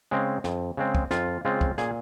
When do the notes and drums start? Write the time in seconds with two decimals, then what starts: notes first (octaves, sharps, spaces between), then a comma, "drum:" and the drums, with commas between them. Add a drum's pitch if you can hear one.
0.11 C#3 G#3 C4
0.44 F2, drum: snare
0.77 C#3 G#3 C4
0.95 drum: kick
1.11 F2 F4, drum: snare
1.45 C#3 G#3 C4 F4
1.61 drum: kick
1.78 A#2 G#4, drum: snare